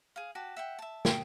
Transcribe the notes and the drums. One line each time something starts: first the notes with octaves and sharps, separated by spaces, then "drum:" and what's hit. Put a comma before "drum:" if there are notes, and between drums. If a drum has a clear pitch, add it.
G#4 F5
F#4 G4 A5
E5 F#5 G5
E5 A5
G5 D#6, drum: snare